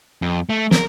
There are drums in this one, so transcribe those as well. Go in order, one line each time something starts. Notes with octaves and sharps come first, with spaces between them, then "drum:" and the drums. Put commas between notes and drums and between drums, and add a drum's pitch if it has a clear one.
F2
A3
A#4, drum: snare